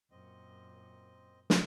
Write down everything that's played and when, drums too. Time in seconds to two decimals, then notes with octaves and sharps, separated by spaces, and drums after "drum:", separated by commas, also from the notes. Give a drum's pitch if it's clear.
0.11 F#2 A#2 C4 D#5
1.50 drum: snare